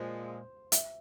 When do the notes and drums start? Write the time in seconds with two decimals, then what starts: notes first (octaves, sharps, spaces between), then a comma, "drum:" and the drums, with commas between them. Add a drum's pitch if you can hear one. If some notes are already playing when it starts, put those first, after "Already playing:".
Already playing: A#2 F3 G#3 C5
0.72 E5, drum: hi-hat